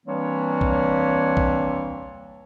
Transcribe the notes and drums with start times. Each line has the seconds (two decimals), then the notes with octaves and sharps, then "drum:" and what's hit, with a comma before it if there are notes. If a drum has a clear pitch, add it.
0.06 E3 G3 A#3 C4 D4 C#5
0.61 drum: kick B1
1.37 drum: kick B1